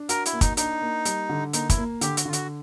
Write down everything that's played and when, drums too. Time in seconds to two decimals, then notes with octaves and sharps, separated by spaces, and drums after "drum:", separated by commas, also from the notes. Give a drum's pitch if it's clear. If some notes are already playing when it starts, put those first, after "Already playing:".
Already playing: D4
0.09 F#4 A#4, drum: hi-hat
0.26 E4, drum: hi-hat
0.33 A#3
0.41 D#4, drum: kick, hi-hat
0.57 D4 D#4, drum: hi-hat
0.82 A#3
1.05 G3, drum: hi-hat
1.29 D3
1.53 A#3 D#4, drum: hi-hat
1.70 E4, drum: kick, hi-hat
1.77 A#3
2.01 D3 G4, drum: hi-hat
2.17 F#4, drum: hi-hat
2.25 D3 F4
2.33 F#4, drum: hi-hat